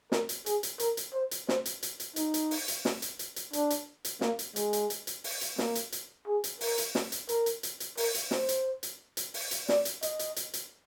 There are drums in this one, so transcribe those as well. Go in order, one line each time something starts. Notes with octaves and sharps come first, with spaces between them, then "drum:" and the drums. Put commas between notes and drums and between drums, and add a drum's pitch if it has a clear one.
A#4, drum: snare
drum: hi-hat
G#4, drum: hi-hat
drum: hi-hat
A#4, drum: hi-hat
drum: hi-hat
C5
drum: hi-hat
C5, drum: snare
drum: hi-hat
drum: hi-hat
drum: hi-hat
D#4, drum: hi-hat
drum: hi-hat
drum: open hi-hat
drum: hi-hat
drum: snare
drum: hi-hat
drum: hi-hat
drum: hi-hat
D4, drum: hi-hat
drum: hi-hat
drum: hi-hat
A#3, drum: snare
drum: hi-hat
G#3, drum: hi-hat
drum: hi-hat
drum: hi-hat
drum: hi-hat
drum: open hi-hat
drum: hi-hat
A#3, drum: snare
drum: hi-hat
drum: hi-hat
G#4
drum: hi-hat
A#4, drum: open hi-hat
drum: hi-hat
drum: snare
drum: hi-hat
A#4, drum: hi-hat
drum: hi-hat
drum: hi-hat
drum: hi-hat
A#4, drum: open hi-hat
drum: hi-hat
C5, drum: snare
drum: hi-hat
drum: hi-hat
drum: hi-hat
drum: open hi-hat
drum: hi-hat
D5, drum: snare
drum: hi-hat
D#5, drum: hi-hat
drum: hi-hat
drum: hi-hat
drum: hi-hat